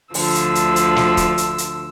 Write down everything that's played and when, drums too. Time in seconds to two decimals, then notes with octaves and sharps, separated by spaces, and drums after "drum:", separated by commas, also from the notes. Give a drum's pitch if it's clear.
0.14 D2 D3 F3 E6, drum: open hi-hat
0.35 drum: hi-hat
0.55 drum: hi-hat
0.76 drum: hi-hat
0.96 drum: snare
1.17 drum: kick, hi-hat
1.38 drum: hi-hat
1.58 drum: hi-hat